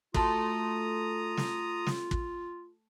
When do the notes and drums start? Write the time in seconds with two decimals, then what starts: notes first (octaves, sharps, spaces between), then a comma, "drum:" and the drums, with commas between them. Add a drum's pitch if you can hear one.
0.14 A3 F4 F#4 A5 A#5 C6 D#6, drum: kick
1.37 drum: snare
1.87 drum: snare
2.11 drum: kick